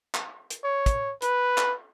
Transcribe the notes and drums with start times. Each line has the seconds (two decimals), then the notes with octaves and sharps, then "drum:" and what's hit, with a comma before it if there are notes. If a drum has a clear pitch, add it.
0.15 drum: clap
0.50 drum: hi-hat
0.64 C#5
0.86 drum: kick, hi-hat
1.22 B4, drum: hi-hat
1.58 drum: clap